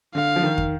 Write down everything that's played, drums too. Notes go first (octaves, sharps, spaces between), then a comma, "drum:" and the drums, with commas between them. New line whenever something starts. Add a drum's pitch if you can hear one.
D3 F5
F3
D#3
drum: kick